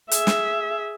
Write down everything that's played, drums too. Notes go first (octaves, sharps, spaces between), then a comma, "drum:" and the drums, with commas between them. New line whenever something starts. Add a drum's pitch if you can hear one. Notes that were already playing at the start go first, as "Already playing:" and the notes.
G#4 E5, drum: hi-hat
drum: snare